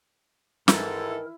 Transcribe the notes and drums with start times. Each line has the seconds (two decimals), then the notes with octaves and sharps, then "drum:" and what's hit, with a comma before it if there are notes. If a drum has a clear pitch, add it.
0.68 G#2 D#3 E3 E4 A4 A#4, drum: snare